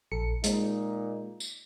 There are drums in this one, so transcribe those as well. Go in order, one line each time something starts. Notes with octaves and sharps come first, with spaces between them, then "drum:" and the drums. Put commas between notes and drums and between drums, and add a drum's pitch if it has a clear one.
A#1 A4 C#7
A#2 G#3 A#3 D#4, drum: hi-hat
drum: tambourine